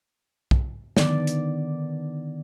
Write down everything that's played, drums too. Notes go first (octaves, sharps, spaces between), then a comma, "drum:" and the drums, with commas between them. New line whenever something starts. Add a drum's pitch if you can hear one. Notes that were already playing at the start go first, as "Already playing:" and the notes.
drum: kick
D3 D#3 B3 D5, drum: snare
drum: hi-hat